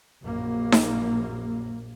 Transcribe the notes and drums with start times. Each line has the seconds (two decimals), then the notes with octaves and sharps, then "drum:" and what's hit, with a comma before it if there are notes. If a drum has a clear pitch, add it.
0.24 A#1 F#2 A#3
0.72 drum: snare D#4